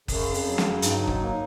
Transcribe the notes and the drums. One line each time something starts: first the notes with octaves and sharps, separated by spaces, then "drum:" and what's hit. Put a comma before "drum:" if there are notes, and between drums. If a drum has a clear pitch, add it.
F#2 C#3, drum: kick F#1, open hi-hat
F2, drum: open hi-hat
F#3
drum: snare
G2 D#4, drum: hi-hat
G2
G#2, drum: kick F#1
A#3